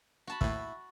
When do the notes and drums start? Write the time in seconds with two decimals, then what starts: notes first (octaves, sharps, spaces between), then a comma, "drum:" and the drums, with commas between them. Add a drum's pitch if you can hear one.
0.27 F#4 A5 B5
0.41 D#2 A2 E4, drum: kick